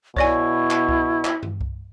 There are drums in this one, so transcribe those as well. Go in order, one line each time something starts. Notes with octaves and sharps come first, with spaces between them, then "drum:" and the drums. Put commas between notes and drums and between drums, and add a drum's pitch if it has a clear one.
B2 E4 C#5 D5 G#5 C#6, drum: kick C2
drum: clap
drum: kick C2
drum: clap
drum: tom G2
drum: kick C2